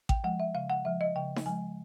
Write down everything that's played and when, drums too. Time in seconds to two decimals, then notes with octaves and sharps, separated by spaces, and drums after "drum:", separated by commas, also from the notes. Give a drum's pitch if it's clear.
0.09 G5, drum: kick A1
0.24 F3 G#3 F#5
0.40 E5
0.54 C#3 F5
0.70 F#5
0.85 F3 G#3 E5
1.01 D#5
1.16 C#3 G5
1.36 drum: snare D#4
1.46 F3 G#3 G#5